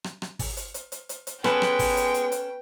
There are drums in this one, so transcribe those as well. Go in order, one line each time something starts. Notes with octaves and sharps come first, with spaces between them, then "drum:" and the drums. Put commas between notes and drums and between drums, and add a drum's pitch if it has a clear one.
drum: rim click
drum: rim click
drum: kick, open hi-hat
drum: hi-hat
drum: hi-hat
drum: hi-hat
drum: hi-hat
drum: hi-hat
G#3 B3 C#4 A4 B4 G5, drum: rim click
drum: rim click
drum: kick, open hi-hat
drum: hi-hat
drum: hi-hat
drum: hi-hat